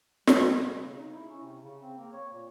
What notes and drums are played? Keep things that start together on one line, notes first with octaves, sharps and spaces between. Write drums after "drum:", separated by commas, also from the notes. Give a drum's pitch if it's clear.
G3, drum: snare
B2
C#3
D#4
E4
C#4
C3
C#3
C4
A#3
C#5
A#2